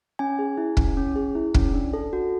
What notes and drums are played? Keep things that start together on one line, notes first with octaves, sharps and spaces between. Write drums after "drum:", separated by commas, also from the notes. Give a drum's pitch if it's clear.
C#4 G#5
G#4
E4
C#4, drum: kick
C#4
G#4
E4
C#4, drum: kick
D4
A4
F#4